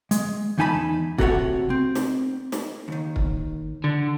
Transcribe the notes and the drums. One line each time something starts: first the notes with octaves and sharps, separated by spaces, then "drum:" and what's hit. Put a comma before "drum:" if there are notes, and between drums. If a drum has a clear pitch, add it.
G#3, drum: hi-hat
E2 E3 D#4 G#5 A5 B5
C3 F#4 A4 A#4 C#5 F#5, drum: kick
C4
drum: snare
drum: snare
D#2 D#3
drum: kick
D3